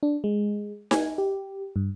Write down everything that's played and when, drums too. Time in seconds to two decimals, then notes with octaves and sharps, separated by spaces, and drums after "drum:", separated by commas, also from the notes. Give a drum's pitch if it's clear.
0.03 D4
0.24 G#3
0.91 G#5, drum: snare D#4
1.18 G4
1.76 G2